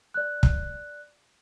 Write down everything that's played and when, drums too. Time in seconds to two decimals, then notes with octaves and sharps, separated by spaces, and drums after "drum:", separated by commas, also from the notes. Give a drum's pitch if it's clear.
0.14 D5 F#6
0.43 drum: kick